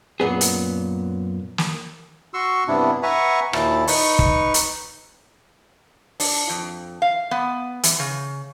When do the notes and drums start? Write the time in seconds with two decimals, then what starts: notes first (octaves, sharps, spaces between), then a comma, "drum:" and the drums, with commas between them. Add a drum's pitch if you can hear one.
0.20 F#2 A#2 B3 G#4
0.41 drum: hi-hat
1.58 drum: snare
2.34 F#4 C6 C#6 E6
2.68 G2 C3 B3 D4 E4
3.03 B4 E5 F#5 G#5 A#5 C#6
3.53 D#2 A#2 E4 A5, drum: rim click
3.87 D#4 B4 C#6, drum: open hi-hat
4.19 drum: kick
4.54 drum: hi-hat
6.20 D4, drum: open hi-hat
6.49 F2
7.02 F5
7.31 B3
7.83 E3, drum: hi-hat
7.99 C#3